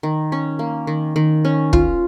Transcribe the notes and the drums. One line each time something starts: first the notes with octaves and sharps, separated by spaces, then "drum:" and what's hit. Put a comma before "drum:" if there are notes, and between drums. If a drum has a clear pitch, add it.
D#3
C#4
A#3
D#3
D#3
C#4
F4, drum: kick